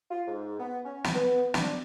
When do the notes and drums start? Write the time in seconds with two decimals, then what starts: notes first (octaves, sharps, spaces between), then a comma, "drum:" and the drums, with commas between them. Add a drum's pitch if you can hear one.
0.11 F4
0.27 G#2
0.59 B3
0.85 C#4
1.04 drum: snare
1.15 B3
1.54 D4, drum: snare